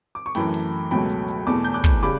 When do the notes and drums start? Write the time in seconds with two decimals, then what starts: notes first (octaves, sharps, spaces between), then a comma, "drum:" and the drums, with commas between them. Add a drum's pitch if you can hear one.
0.15 D6
0.26 C#6
0.35 F#2 E3 A3 G5 B5, drum: open hi-hat
0.54 drum: open hi-hat
0.91 C#2 B2 F#3 A3 G5 B5, drum: hi-hat
1.10 drum: hi-hat
1.28 drum: hi-hat
1.47 E2 B2 A3 B5 D6, drum: hi-hat
1.64 G6, drum: hi-hat
1.74 D6 F#6
1.84 drum: kick, hi-hat
2.03 C#3 G3 B5 D6, drum: hi-hat